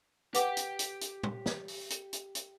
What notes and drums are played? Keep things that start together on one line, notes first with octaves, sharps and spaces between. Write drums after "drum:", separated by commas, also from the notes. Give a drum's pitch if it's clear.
G4 B4 F#5 G5 D6, drum: hi-hat
drum: hi-hat
drum: hi-hat
drum: hi-hat
drum: tom
drum: snare
drum: open hi-hat
drum: hi-hat
drum: hi-hat
drum: hi-hat